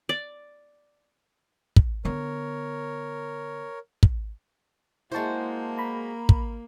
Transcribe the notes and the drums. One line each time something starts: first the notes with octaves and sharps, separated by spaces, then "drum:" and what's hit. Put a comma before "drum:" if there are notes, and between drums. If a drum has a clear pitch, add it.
D5
drum: kick
D3 B3 A#4 C#5
drum: kick
G#3 A#3 E4 F#4 C5 A5
A#5 B5
drum: kick